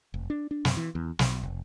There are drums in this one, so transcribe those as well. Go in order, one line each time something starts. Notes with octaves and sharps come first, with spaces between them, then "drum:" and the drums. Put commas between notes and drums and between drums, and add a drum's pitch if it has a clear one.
F1
D4
D4
F#2, drum: snare
E3
E2
B1, drum: snare
F1